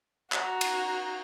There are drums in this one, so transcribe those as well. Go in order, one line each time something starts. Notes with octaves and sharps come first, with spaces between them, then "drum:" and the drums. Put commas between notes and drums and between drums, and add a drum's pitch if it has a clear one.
F#4 A#5, drum: clap
drum: cymbal